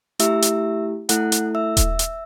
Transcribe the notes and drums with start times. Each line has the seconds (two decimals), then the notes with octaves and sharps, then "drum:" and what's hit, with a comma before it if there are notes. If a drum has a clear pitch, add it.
0.19 A3 E4 G4 E5 E6, drum: hi-hat
0.42 drum: hi-hat
1.09 A3 E4 A4 F#5 F#6, drum: hi-hat
1.32 drum: hi-hat
1.55 E5 E6
1.77 drum: kick D#1, hi-hat
1.99 drum: hi-hat